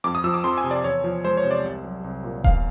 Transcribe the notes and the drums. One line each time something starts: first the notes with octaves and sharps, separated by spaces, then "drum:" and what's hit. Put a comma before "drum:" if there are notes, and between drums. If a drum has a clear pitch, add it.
F2 D6
D#6
F3 E6
D6
F2 C6
G#5
C3
D5
E2 C#5
F3
G#3 C5
C#5
C3
D5
C2
F#3
C2
A#2
E2 F5, drum: kick D#1